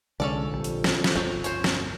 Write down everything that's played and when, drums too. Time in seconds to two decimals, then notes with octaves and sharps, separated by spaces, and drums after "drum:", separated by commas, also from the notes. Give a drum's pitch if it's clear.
0.20 C2 D3 F3 G#3 C#4 A4 D5
0.51 A#1 F2 D#3 G3
0.64 drum: hi-hat
0.84 drum: snare
1.04 drum: snare
1.16 G1 C#2 F3 F#3 C4
1.44 C5 C#5, drum: hi-hat
1.64 drum: snare